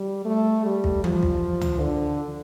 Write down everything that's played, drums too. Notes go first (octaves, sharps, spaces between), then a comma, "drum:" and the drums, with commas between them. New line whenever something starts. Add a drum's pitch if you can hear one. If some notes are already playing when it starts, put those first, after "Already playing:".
Already playing: G3
A3
G3
drum: kick
F3, drum: tom E3
drum: kick
drum: tom C#2
D3